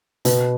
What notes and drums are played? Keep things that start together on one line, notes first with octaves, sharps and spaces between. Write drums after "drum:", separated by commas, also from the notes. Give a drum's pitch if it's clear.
B2, drum: hi-hat